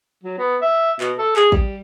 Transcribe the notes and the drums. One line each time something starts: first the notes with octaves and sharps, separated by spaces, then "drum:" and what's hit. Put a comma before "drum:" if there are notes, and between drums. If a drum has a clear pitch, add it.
F#3
B3
E5
B2, drum: clap
A4
G#4, drum: clap
G3, drum: kick